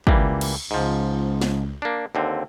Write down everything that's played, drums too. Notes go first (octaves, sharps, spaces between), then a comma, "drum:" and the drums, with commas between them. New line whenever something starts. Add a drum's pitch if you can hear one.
C#2 E3 G3 A#3, drum: kick
drum: cymbal
C#2 G#2 F3
drum: snare
A#3 D4
D#2 D3 C4